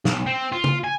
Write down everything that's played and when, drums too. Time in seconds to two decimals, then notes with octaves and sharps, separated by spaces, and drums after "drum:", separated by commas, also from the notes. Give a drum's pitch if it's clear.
0.05 B1, drum: snare
0.26 C4
0.52 F4
0.64 drum: tom
0.84 G#5